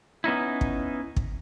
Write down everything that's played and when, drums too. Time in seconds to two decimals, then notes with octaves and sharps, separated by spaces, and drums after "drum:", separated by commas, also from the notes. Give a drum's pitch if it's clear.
0.24 B3 C#4 D#4 E4
0.61 drum: kick
1.16 drum: kick